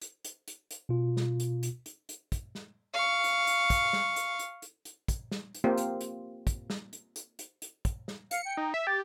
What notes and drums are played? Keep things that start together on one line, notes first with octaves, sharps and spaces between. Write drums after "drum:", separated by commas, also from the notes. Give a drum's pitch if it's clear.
drum: hi-hat
drum: hi-hat
drum: hi-hat
drum: hi-hat
B2 F4
drum: snare
drum: hi-hat
drum: hi-hat
drum: hi-hat
drum: hi-hat
drum: kick, hi-hat
drum: snare
F5 C#6
drum: hi-hat
drum: hi-hat
drum: kick, hi-hat
drum: snare
drum: hi-hat
drum: hi-hat
drum: hi-hat
drum: hi-hat
drum: kick, hi-hat
drum: snare
drum: hi-hat
A#3 C4 F4 G4
drum: hi-hat
drum: hi-hat
drum: kick, hi-hat
drum: snare
drum: hi-hat
drum: hi-hat
drum: hi-hat
drum: hi-hat
drum: kick, hi-hat
drum: snare
F5 C#7, drum: hi-hat
G5
D#4
E5
G4 A6